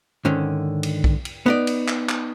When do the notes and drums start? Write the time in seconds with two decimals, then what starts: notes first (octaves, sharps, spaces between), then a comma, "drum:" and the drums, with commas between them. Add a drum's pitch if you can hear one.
0.25 G#2 D3 D#3 C#4
0.83 drum: cymbal
1.04 drum: kick B1
1.25 drum: cymbal
1.46 B3 D#4 D5
1.67 drum: cymbal
1.88 drum: clap
2.09 drum: clap